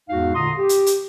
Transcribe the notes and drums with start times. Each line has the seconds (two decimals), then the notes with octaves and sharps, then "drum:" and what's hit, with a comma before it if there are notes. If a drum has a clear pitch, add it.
0.09 E2 G#2 G#3 D#4 F#4 F5
0.35 A#2 D3 A#5 C6 D#6
0.57 G4
0.69 drum: hi-hat
0.86 drum: hi-hat